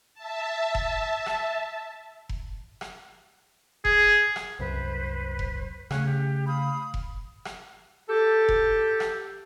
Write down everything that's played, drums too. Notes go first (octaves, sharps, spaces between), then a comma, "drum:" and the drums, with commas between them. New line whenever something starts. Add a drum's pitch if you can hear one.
E5 A5
drum: kick F1
drum: rim click
drum: kick F1
drum: rim click
G#4, drum: kick F1
drum: rim click
C2 F#2 B4 C5
drum: kick F1
C#3 A3 C#4 F5 F#6, drum: rim click
G4
F5 B5 D#6
drum: kick F1
drum: rim click
G4 A4
drum: kick F1
drum: rim click